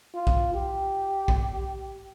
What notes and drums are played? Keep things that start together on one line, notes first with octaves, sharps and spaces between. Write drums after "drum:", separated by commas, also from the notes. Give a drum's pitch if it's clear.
F4
drum: kick B1
G4
drum: kick B1